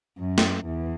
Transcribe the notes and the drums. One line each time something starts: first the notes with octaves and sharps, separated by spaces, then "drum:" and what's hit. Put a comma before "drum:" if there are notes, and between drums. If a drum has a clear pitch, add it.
F#2
drum: snare
E2